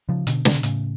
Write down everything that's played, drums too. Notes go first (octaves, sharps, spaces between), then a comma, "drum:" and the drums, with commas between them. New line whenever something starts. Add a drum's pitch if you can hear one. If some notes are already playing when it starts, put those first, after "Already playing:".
C#3 F3
B2 D3, drum: hi-hat
B2 D3, drum: snare
A2 C#3, drum: hi-hat